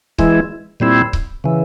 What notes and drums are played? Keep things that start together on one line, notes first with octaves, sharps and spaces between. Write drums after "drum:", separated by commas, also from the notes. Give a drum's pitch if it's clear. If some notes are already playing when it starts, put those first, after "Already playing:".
E3 G#3 E4, drum: kick C#1
A#2 G3 C4 E4
drum: kick C#1
C#3 E3